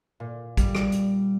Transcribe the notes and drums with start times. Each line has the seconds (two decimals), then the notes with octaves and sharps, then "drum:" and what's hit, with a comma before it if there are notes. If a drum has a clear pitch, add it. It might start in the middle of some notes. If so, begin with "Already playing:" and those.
0.20 A#2
0.57 G3, drum: kick, hi-hat
0.75 drum: rim click
0.92 drum: hi-hat